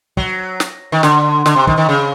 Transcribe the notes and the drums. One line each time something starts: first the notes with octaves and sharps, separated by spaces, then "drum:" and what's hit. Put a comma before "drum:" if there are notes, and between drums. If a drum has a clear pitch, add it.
F#3, drum: kick
drum: snare
D#3
D3, drum: snare
D3, drum: snare
C3
D#3, drum: kick
D#3
C#3